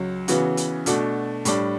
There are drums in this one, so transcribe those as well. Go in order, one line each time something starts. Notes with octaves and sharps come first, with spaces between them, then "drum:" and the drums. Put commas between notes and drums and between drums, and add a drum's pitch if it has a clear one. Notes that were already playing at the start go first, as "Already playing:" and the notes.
Already playing: C#2 F#3
C#3 E3 B3 F#4, drum: hi-hat
drum: hi-hat
B2 A3 D4 F#4, drum: hi-hat
A2 G3 D4, drum: hi-hat